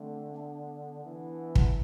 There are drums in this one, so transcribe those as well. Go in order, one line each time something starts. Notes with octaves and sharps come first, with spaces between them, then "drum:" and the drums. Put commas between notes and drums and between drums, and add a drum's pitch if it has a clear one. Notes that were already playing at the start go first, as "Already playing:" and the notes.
Already playing: D3 A3 C4
B3 D4
E3
drum: kick